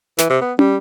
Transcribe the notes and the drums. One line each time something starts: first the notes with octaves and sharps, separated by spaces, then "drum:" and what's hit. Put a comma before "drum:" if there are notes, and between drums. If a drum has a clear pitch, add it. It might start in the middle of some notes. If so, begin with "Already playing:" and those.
E3, drum: snare
C3
B3
G3, drum: tom